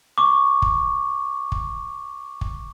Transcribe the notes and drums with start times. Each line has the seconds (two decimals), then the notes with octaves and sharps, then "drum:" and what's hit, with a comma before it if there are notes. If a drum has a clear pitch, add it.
0.18 C#6 D6
0.62 drum: kick
1.52 drum: kick
2.41 drum: kick